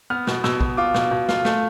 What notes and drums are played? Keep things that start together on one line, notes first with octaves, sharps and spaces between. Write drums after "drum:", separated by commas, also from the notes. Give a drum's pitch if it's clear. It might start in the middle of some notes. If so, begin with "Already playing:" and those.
B3 F6
B2, drum: snare
B2 E6, drum: snare
B2, drum: kick
F4 D6
B2, drum: snare
B2
F4, drum: snare
A3, drum: snare